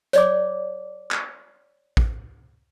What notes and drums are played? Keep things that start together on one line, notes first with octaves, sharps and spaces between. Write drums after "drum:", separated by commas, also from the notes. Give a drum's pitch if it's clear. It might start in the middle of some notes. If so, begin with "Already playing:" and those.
C#5 D5 D6, drum: hi-hat
drum: clap
drum: kick